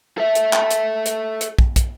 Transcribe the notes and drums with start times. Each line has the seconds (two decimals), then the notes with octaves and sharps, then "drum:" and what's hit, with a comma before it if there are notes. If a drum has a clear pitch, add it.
0.18 A4 E5
0.35 drum: hi-hat
0.53 drum: clap
0.71 drum: hi-hat
1.06 drum: hi-hat
1.41 drum: hi-hat
1.59 drum: kick
1.76 drum: kick, hi-hat